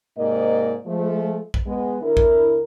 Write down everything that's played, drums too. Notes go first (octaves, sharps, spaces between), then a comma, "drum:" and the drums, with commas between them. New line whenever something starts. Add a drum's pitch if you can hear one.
G#2 C3 A#3 D5 D#5
F3 G#3 A3
drum: kick
G#3 B3
D3 E4 A#4
drum: kick